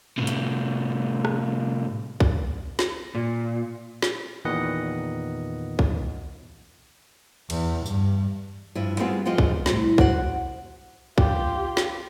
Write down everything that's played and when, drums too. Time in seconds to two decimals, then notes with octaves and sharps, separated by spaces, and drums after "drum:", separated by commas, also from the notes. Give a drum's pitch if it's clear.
0.18 A2 C3
0.27 drum: hi-hat
1.25 drum: rim click
2.20 drum: kick
2.79 drum: snare
3.15 A#2
4.02 drum: snare
4.45 E2 A#2 D#3 B4 D#5 F#5
5.79 drum: kick
7.50 E2, drum: cymbal
7.86 G2, drum: tambourine
8.75 G2 F3 E4
8.99 G3 G#3 B3 C4 F4 F#4
9.26 F2 F3 G#3 F4 G5
9.38 drum: kick
9.66 A2 C3 E3 G3, drum: snare
9.98 F#4 C5 D5 F#5, drum: kick
11.18 F4 G4, drum: kick
11.77 drum: snare